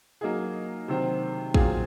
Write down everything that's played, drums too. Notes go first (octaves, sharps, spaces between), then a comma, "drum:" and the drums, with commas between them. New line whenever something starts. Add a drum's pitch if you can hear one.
F#3 A#3 D#4 G#4
C3 D#3 F#3 C4
A#2 F#3 C4 F4 G#4, drum: kick